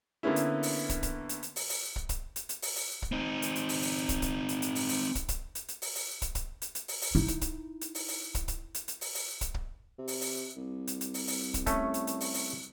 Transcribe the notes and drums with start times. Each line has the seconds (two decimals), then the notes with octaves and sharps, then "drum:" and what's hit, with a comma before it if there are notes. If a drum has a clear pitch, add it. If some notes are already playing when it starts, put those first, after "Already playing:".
0.23 D3 A#3 B3 C#4 E4
0.36 drum: hi-hat
0.63 drum: open hi-hat
0.89 drum: kick, hi-hat
1.03 drum: kick, hi-hat
1.29 drum: hi-hat
1.43 drum: hi-hat
1.56 drum: open hi-hat
1.69 drum: open hi-hat
1.96 drum: kick
2.09 drum: kick, hi-hat
2.36 drum: hi-hat
2.49 drum: hi-hat
2.62 drum: open hi-hat
2.76 drum: open hi-hat
3.02 drum: kick
3.12 C4 D#4
3.42 drum: hi-hat
3.55 drum: hi-hat
3.69 drum: open hi-hat
3.82 drum: open hi-hat
4.09 drum: kick, hi-hat
4.22 drum: kick, hi-hat
4.49 drum: hi-hat
4.62 drum: hi-hat
4.75 drum: open hi-hat
4.89 drum: open hi-hat
5.15 drum: kick, hi-hat
5.28 drum: kick, hi-hat
5.55 drum: hi-hat
5.68 drum: hi-hat
5.82 drum: open hi-hat
5.95 drum: open hi-hat
6.22 drum: kick, hi-hat
6.35 drum: kick, hi-hat
6.62 drum: hi-hat
6.75 drum: hi-hat
6.88 drum: open hi-hat
7.01 drum: open hi-hat
7.15 D#4 E4
7.28 drum: kick, hi-hat
7.41 drum: kick, hi-hat
7.81 drum: hi-hat
7.95 drum: open hi-hat
8.08 drum: open hi-hat
8.35 drum: kick, hi-hat
8.48 drum: kick, hi-hat
8.74 drum: hi-hat
8.88 drum: hi-hat
9.01 drum: open hi-hat
9.14 drum: open hi-hat
9.41 drum: kick, hi-hat
9.54 drum: kick
9.99 C3
10.08 drum: open hi-hat
10.21 drum: open hi-hat
10.56 C2
10.87 drum: hi-hat
11.01 drum: hi-hat
11.14 drum: open hi-hat
11.27 drum: open hi-hat
11.54 drum: kick, hi-hat
11.66 A3 C#4, drum: kick, hi-hat
11.94 drum: hi-hat
12.07 drum: hi-hat
12.20 drum: open hi-hat
12.34 drum: open hi-hat